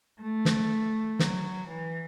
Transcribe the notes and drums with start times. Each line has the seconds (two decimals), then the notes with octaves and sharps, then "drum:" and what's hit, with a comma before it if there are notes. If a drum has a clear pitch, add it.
0.21 A3
0.45 drum: snare
1.19 F#3, drum: snare
1.68 E3